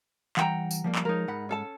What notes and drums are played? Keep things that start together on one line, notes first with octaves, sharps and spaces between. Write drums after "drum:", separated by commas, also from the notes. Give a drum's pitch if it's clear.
E3 G3 F#5 G5 A#5, drum: clap
drum: tambourine
F3 G3 A#3
drum: clap
F3 G#3 D#4 A#4 C#5
G#2 F#5 B5
C#4 A4 A5